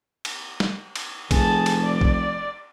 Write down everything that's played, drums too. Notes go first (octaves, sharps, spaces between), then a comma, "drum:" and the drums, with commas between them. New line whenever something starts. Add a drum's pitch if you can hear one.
drum: cymbal
drum: snare
drum: cymbal
F1 G#4 A5, drum: kick A#1, cymbal
drum: cymbal
D5
drum: kick A#1